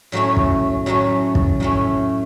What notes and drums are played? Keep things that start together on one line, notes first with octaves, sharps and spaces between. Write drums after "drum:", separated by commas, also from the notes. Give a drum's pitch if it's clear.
A2 F#3 A3 C#4
drum: kick
A2 F#3 A3 C#4
drum: kick
A2 F#3 A3 C#4